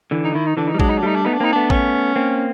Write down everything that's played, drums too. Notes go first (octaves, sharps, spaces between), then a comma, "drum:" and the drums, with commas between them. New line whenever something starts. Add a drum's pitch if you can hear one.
D3 E3
D#4
D#3 E4
D#4
D3 E3 D4
D#4
G3
F#3 G#3 D4, drum: kick
D#4
D4
G3 A3 D#4
D4
A3 B3 D#4
D4
A#3 C4 D#4
A3 B3 D4
C#4, drum: kick
A#3 C4